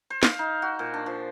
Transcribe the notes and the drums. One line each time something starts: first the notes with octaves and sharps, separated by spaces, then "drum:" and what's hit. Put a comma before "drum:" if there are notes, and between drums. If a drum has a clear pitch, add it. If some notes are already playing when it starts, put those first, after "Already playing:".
C5
F5, drum: snare
D#4
F#4
A#2
D4
F3